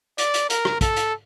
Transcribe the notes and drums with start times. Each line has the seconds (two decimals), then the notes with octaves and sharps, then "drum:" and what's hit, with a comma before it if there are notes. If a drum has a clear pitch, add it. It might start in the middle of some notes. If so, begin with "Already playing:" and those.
0.18 D5, drum: hi-hat
0.34 drum: hi-hat
0.50 A#4, drum: hi-hat
0.65 drum: rim click
0.81 A4, drum: kick, hi-hat
0.96 drum: hi-hat